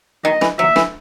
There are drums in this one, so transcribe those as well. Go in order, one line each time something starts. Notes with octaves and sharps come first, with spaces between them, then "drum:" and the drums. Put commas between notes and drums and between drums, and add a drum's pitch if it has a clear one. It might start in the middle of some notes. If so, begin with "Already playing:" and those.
D#3 D#5
E3, drum: snare
F#3 E5
E3, drum: snare